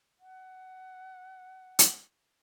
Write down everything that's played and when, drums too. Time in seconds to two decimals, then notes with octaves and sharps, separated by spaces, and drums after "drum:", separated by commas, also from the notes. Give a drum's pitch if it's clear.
0.20 F#5
1.79 drum: hi-hat